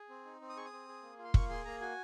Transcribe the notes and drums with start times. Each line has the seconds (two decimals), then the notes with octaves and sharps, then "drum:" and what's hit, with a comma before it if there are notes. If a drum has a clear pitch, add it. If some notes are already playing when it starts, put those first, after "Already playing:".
Already playing: G#4
0.10 C4
0.25 D#4
0.41 C4
0.49 D#6
0.57 G#4 C#6
0.65 D#6
0.73 C4
0.88 G#4
1.03 A#3
1.19 F4
1.24 C6
1.34 A#3 C#6, drum: kick
1.49 G#4 C6
1.65 A#3 A#5
1.81 F#4 G#5